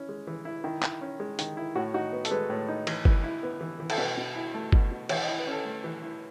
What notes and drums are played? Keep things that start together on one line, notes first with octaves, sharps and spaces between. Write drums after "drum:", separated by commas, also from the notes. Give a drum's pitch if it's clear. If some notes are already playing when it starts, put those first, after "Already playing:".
Already playing: C#4 E4
G#3
E3
E4
D#3 E4
E4, drum: clap
C#4
G#3
D#3, drum: hi-hat
E4
A2 F#4
D#4 F#4
B3
A4, drum: hi-hat
G#3 B4
A2
D#4
E3, drum: cymbal
E3, drum: kick G1
E4
B3
E3
E3
A4, drum: cymbal
B2 B4
B2
E4
A3
B2, drum: kick G1
B2
E3 C#5, drum: cymbal
D#5
E4
B4
C#4 A4
A3
E3
E4